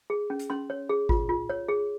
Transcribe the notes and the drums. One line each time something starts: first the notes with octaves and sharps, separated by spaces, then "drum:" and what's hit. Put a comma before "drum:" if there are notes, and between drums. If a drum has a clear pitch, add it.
G#4
C#4
drum: hi-hat
C#4 C6
C#5
G#4
F4, drum: kick G#1
F4
C#5
G#4